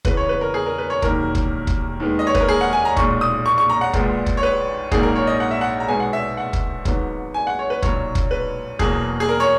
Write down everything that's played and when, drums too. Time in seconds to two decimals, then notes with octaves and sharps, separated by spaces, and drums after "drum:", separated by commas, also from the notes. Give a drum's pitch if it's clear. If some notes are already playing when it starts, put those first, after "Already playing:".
0.05 E2 C#3 E3 B3 B4, drum: kick
0.17 C#5
0.29 B4
0.41 A#4
0.54 G#4
0.66 A#4
0.78 B4
0.90 C#5
1.02 E1 D#2 D#3 F#3 A#3 A#4, drum: kick
1.35 drum: kick
1.67 drum: kick
2.00 D#2 D#3 G#3 B3
2.19 D#5
2.27 C#5
2.34 B4, drum: kick
2.40 A#4
2.48 G#4
2.61 F#5
2.73 G#5
2.85 A#5
2.97 B1 A#2 G#3 C#6, drum: kick
3.21 D#6
3.46 C#6
3.58 C#6
3.70 A#5
3.81 F#5
3.93 A#1 A#2 G#3 B3, drum: kick
4.26 drum: kick
4.37 C#5
4.43 B4
4.91 A#1 G#2 F#3 A#3 G#4, drum: kick
5.03 A#4
5.16 C#5
5.27 D#5
5.40 F#5
5.51 E5
5.61 F#5
5.80 A#5
5.88 B1 B2 G#3 B3 G#5
6.00 F#5
6.13 E5
6.37 F#5
6.53 drum: kick
6.85 G#1 G#2 F#3 B3, drum: kick
7.34 G#5
7.47 F#5
7.59 C#5
7.70 B4
7.82 B1 A#2 F#3 C#5, drum: kick
8.15 drum: kick
8.31 B4
8.79 E2 B2 F#3 A#3 G#4, drum: kick
9.20 G#4
9.29 A#4
9.40 C#5